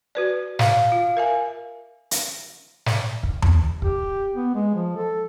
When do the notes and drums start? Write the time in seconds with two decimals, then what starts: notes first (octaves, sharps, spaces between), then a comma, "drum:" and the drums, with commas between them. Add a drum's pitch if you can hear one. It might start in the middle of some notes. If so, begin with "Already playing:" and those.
0.15 F#4 B4 D5
0.59 F5, drum: snare
0.92 F4
1.17 A#4 E5 G#5
2.11 drum: hi-hat
2.86 drum: snare
3.23 drum: kick
3.42 drum: tom E2
3.82 G4, drum: kick
4.35 B3
4.55 G#3
4.75 F3
4.96 A4